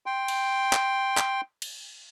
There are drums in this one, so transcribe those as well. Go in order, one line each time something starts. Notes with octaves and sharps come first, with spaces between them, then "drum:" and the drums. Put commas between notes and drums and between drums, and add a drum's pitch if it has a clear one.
G5 C6
drum: cymbal
drum: clap
drum: clap
drum: cymbal